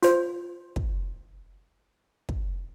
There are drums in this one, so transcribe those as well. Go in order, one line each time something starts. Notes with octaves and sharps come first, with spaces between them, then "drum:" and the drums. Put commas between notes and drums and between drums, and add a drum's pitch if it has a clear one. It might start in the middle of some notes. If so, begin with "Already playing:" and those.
F4 C5, drum: hi-hat
drum: kick
drum: kick